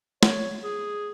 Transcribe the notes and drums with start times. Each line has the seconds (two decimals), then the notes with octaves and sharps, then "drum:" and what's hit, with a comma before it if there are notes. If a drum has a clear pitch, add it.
0.23 C#5, drum: snare
0.64 G#4